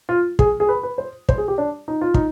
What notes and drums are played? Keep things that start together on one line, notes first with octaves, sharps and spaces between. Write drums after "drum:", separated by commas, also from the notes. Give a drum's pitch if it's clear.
F4
G#4, drum: kick
G#4
B4
B4
C5
C5, drum: kick
G#4
G4
D4
D#4
F4
D#4, drum: kick